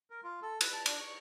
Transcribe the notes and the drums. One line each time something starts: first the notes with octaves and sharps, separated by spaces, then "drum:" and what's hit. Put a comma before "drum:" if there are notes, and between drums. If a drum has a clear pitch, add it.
A#4
F4
A4
B4, drum: cymbal
A5
D4, drum: cymbal
C#6